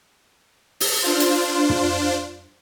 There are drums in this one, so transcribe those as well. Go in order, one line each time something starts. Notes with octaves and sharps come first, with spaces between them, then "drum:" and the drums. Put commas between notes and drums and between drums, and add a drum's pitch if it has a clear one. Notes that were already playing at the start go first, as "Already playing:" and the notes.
drum: open hi-hat
D4 F4 C5
drum: hi-hat
drum: tom